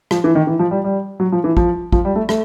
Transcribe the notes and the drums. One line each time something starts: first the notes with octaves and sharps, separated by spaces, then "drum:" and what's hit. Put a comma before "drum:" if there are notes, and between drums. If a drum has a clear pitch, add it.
F3, drum: rim click
E3
D#3
E3
F3
G3
G3
F#3
F3
E3
F3, drum: kick
F3, drum: kick
G3
A3
A3, drum: rim click